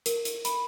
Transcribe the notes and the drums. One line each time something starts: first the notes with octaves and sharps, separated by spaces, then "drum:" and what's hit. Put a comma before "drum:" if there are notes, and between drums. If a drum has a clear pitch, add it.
A#4, drum: hi-hat
drum: hi-hat
B5, drum: hi-hat